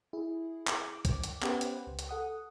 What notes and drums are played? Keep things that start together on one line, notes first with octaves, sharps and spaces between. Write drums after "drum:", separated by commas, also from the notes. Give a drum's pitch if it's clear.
E4 G#4
drum: clap
D6
drum: kick, hi-hat
drum: hi-hat
B3 C#4 G4 B4 C5 F#5, drum: clap
drum: hi-hat
C#2
drum: hi-hat
A4 F#5 D#6